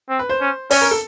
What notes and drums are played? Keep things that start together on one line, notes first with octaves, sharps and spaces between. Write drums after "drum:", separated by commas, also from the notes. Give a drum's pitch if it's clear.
C4
B4
C5
C#4
C#4 C#5, drum: open hi-hat
A#4
A4